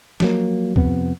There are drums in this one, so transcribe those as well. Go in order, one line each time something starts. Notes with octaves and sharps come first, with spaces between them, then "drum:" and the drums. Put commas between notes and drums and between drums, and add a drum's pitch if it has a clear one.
F3 F#3 A#3, drum: snare
F2 C3 B3, drum: kick